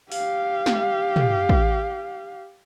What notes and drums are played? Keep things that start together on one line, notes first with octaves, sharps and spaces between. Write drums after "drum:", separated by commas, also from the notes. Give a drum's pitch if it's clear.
G4 F5, drum: open hi-hat
drum: snare
drum: tom
drum: kick